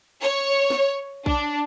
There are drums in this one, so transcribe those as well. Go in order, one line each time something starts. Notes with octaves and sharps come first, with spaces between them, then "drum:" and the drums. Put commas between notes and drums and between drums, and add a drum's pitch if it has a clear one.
C#5
drum: snare
D4, drum: kick A#1